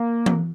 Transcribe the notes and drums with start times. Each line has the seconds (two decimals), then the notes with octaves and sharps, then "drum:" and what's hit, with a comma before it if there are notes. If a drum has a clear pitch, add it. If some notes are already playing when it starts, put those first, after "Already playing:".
Already playing: A#3
0.26 drum: tom E3